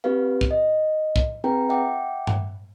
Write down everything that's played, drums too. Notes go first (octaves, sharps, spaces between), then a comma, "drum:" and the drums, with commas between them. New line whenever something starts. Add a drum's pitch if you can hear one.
C4 F4 G4 B4 F5
drum: kick
D#5
drum: kick
C4 F4 G#4 B4 G5 A#5
E5 F#5 G5 D6
drum: tom G2